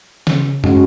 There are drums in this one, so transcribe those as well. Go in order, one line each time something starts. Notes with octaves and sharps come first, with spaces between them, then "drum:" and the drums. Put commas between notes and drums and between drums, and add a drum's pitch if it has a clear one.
C#3, drum: snare
G#3 C#4 F#4, drum: tom